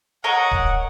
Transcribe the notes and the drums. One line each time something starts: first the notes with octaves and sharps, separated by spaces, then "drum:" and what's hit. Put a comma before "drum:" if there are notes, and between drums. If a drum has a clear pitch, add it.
A#4 C#5 D#5 F#5
drum: kick D1